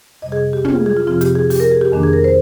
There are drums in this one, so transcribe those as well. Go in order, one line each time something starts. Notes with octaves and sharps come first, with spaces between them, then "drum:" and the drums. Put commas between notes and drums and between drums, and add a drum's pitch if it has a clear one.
F2 C3 G3 D#5
G#4
G4
F4, drum: tom
G#4
G#4
F4
F2 C3 F3 C4 F4
G4, drum: hi-hat
G#4
G4, drum: open hi-hat
A#4
G#4
G4
F2 D#3 A#3 D4
G#4
A#4
C5